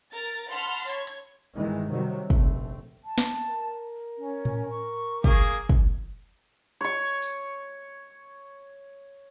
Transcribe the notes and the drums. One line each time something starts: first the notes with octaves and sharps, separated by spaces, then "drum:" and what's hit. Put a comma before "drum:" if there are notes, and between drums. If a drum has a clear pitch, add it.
A#4 A6
F#5 A5 B5 C6 F6
C#5 G#6, drum: tambourine
drum: hi-hat
G1 D#3 E3 G#3
C3 D#3 F#3 G3
F1 A#1 A3 C4, drum: kick
A5
drum: snare
A#4
C#4
drum: tom A2
C#6
A#3 G#4, drum: kick
drum: kick
C#5 C#6
drum: tambourine